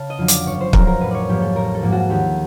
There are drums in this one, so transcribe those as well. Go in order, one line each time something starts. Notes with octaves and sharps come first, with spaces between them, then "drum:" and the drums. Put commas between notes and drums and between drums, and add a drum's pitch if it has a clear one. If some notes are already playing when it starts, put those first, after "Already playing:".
Already playing: C#3 A5
D#5
F2 D3 F#3
D5, drum: hi-hat
G1 C#5
C5
F2 D3 F#3 A#4, drum: kick
A#4
A1 B4
C#5 D5
G#2 F3 A#3 G4
A4
A1 A#4
A4
G#2 F3 A#3
F#4
D#2 G4